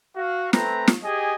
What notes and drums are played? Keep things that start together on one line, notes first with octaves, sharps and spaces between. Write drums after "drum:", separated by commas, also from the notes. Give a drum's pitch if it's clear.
F#4 F5
A3 C4 B4 A#5, drum: snare
drum: snare
G4 G#4 D#5 G#5